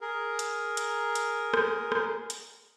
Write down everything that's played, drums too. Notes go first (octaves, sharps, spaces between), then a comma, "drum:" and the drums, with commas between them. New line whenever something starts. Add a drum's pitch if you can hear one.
G#4 A#4
drum: hi-hat
drum: hi-hat
drum: hi-hat
drum: rim click
drum: rim click
drum: hi-hat